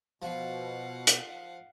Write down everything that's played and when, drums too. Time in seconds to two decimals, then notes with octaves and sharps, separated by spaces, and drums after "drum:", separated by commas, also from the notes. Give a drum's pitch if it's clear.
0.22 B2 F3 F5 F#5
1.07 drum: hi-hat